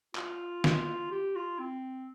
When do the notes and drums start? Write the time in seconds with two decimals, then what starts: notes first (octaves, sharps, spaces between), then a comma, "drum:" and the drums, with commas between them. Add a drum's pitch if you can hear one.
0.15 F4, drum: clap
0.64 drum: snare
1.11 G4
1.36 F4
1.59 C4